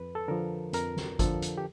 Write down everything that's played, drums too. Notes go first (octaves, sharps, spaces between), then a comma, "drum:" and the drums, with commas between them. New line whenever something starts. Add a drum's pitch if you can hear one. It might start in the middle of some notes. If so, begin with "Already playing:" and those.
Already playing: F2 B4
A4
D3 F3 A#4
F2 A#4, drum: hi-hat
drum: snare
D3 F3 A4, drum: kick G#1, hi-hat
drum: hi-hat
G4